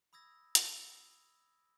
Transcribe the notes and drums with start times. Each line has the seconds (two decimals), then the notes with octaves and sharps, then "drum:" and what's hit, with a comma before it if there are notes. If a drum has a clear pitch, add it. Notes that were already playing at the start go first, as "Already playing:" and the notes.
0.13 B5 D#6 E6 G#6 A#6
0.55 drum: hi-hat